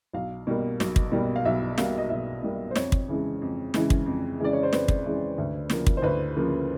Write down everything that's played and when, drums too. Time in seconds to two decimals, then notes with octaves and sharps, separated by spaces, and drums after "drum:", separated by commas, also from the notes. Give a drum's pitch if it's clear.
0.14 B1 F5
0.47 B2 G3 A#3
0.80 B1, drum: snare
0.96 drum: kick
1.12 B2 G3 A#3
1.36 F5
1.45 B1 E5
1.78 B2 G3 A#3 F5, drum: snare
1.98 D#5
2.10 B1 E5
2.42 B2 G3 A#3
2.71 C5
2.76 F2 C#5, drum: snare
2.92 drum: kick
3.08 C#3 E3 G#3
3.42 F2
3.74 C#3 E3 G#3, drum: snare
3.90 drum: kick
4.06 F2
4.40 C#3 E3 G#3 D5
4.53 C#5
4.63 C5
4.73 F2 B4, drum: snare
4.88 drum: kick
5.05 C#3 E3 G#3
5.38 D2
5.70 C#3 F3 A#3, drum: snare
5.87 drum: kick
5.97 C5
6.02 D2 B4
6.36 C#3 F3 A#3